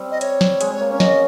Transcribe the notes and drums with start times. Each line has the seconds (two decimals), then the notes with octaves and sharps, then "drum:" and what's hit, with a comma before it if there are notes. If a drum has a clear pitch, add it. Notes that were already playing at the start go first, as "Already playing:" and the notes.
Already playing: G3 C4
0.11 D#5
0.21 C#5, drum: hi-hat
0.41 drum: snare
0.61 G#3, drum: hi-hat
0.71 G#3
0.81 A#3
0.91 C#4
1.00 D#5, drum: snare